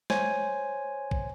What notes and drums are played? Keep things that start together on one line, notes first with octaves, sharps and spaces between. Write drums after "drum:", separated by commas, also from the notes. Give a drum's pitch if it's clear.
C5 C#5 G#5, drum: snare
drum: kick A#1